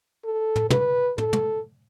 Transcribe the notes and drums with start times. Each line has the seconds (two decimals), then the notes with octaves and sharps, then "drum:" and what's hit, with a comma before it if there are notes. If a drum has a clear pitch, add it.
0.25 A4
0.56 drum: tom
0.70 B4, drum: tom
1.18 A4, drum: tom
1.33 drum: tom